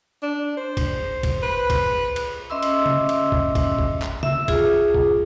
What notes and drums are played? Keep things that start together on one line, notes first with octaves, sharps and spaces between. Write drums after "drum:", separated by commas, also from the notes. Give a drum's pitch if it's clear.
D4
C5
drum: kick C2, cymbal
drum: kick C2, cymbal
B4
drum: kick C2, cymbal
drum: cymbal
C#4 D#5 E5 C6 D6 E6
drum: cymbal
drum: tom
drum: cymbal
drum: kick C2
drum: kick C2, cymbal
drum: kick C2
drum: clap
E5 E6, drum: tom
F4 G#4, drum: kick C2, cymbal
drum: kick C2